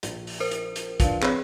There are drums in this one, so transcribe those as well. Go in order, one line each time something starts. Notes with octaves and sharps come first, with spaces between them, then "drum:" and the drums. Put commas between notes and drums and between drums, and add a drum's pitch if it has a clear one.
A#1, drum: hi-hat
drum: open hi-hat
A#4 C5
drum: hi-hat
drum: hi-hat
F3 D4 B4, drum: kick, hi-hat
C4 G#4 B4 C#5, drum: clap